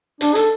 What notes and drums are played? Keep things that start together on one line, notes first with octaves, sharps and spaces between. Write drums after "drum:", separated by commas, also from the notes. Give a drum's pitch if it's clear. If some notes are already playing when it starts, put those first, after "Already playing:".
D4, drum: hi-hat
A4, drum: hi-hat